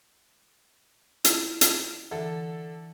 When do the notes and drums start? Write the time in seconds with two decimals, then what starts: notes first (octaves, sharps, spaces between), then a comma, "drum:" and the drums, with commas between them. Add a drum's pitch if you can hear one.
1.25 E4, drum: hi-hat
1.61 drum: hi-hat
2.11 D3 E3 A4